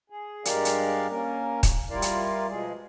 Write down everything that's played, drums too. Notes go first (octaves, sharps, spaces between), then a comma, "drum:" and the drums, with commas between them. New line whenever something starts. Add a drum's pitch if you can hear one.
G#4
G2 G#3 G4 A#4 D5 F5, drum: hi-hat
drum: hi-hat
A#3 C#4 A#4
drum: kick, hi-hat
G3 E4 F4 A#4 D5 F5
drum: hi-hat
B2 F3 G#3 G#4